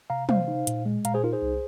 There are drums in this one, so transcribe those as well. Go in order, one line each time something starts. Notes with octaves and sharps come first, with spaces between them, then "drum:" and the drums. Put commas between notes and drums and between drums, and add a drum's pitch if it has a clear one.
C3 F5 A#5
C3 C5 F5, drum: tom
D#4
A#2, drum: hi-hat
G#3
A#2 F5 A#5, drum: hi-hat
G#4 C5
D#4 F4 A#4
G#4 C5
C2